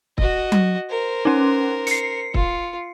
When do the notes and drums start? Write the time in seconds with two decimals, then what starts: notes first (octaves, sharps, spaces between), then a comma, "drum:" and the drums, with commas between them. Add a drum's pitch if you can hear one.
0.18 F#4 D#5, drum: kick
0.52 drum: tom F#3
0.90 A#4 C5
1.25 C#4 D#4
1.87 C7 C#7, drum: hi-hat
2.34 F4, drum: kick